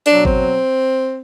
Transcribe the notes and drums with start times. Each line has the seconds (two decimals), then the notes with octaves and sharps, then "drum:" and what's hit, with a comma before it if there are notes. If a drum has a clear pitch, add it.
0.06 B2 F#3 D4, drum: hi-hat
0.25 C4, drum: kick G#1